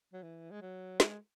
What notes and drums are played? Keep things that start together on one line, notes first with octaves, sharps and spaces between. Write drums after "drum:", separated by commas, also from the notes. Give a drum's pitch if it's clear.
F#3
E3
G#3
F#3
G#3, drum: snare